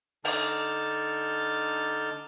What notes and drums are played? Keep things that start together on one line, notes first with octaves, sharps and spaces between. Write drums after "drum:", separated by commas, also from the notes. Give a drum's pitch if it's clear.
D3 D#4 A5 D6 F6 G6, drum: open hi-hat